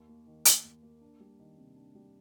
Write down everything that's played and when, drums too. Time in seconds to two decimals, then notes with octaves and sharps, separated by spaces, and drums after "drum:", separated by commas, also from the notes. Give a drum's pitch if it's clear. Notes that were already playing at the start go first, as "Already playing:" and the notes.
Already playing: D#2
0.08 A#3
0.26 D#3
0.45 D#2, drum: hi-hat
0.64 D#2
0.83 A#3
1.01 D4
1.20 G3
1.39 D#3
1.58 C3
1.76 D4
1.95 G3